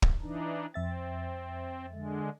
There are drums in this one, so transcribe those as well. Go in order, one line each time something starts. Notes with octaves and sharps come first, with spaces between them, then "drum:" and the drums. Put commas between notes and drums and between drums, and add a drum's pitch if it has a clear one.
drum: kick
E3 D4 D#4
F2 C4 E5 A6
D3 G#3